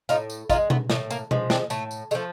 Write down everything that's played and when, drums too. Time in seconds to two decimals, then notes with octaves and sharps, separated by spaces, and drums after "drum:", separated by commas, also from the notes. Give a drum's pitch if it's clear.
0.09 A2 D#4 F4, drum: tambourine
0.30 drum: tambourine
0.50 F3 G#3 D#4 F4, drum: kick, tambourine
0.70 A3 B3, drum: tom B2
0.90 A2 A3, drum: snare
1.11 A#3, drum: tambourine
1.31 F3 G#3, drum: tom B2
1.50 C4 D4, drum: snare
1.70 A2 A3, drum: tambourine
1.91 drum: tambourine
2.11 F3 G#3 A3, drum: tambourine